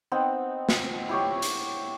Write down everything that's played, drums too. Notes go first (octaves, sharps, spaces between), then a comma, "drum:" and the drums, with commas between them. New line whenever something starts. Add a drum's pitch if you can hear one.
B3 C4 D#4 F#5
drum: snare
E4 G4 C#5
drum: hi-hat